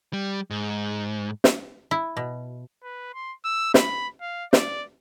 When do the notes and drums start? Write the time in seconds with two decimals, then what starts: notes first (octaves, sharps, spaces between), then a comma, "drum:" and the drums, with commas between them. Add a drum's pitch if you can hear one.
0.13 G3
0.50 G#2
1.44 drum: snare
1.91 E4
2.17 B2
2.83 B4
3.14 C6
3.45 E6
3.74 B5, drum: snare
4.21 F5
4.53 D5, drum: snare